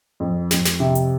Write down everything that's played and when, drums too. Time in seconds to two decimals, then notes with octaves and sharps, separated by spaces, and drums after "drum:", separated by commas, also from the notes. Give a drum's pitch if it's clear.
0.20 F2
0.51 F2, drum: snare
0.65 drum: snare
0.80 C3
0.95 drum: hi-hat